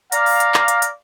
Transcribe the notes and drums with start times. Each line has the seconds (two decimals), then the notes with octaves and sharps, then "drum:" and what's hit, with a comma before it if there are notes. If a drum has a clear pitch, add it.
0.12 D5 F5 A#5, drum: hi-hat
0.26 drum: open hi-hat
0.40 drum: hi-hat
0.54 drum: clap
0.68 drum: hi-hat
0.82 drum: hi-hat